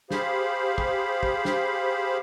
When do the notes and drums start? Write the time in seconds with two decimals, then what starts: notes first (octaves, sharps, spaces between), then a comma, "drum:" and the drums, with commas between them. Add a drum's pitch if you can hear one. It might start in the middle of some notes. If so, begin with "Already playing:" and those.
0.11 G4 G#4 C5 F5 B5, drum: snare
0.78 drum: kick
1.23 drum: kick
1.45 drum: snare